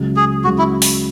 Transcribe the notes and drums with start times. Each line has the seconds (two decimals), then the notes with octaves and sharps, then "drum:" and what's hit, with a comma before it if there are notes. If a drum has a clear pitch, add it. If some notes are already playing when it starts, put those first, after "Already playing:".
Already playing: C#2 C#3 F#3
0.16 G#4
0.44 C#2 C#3 F#3 F#4
0.58 E4
0.82 drum: open hi-hat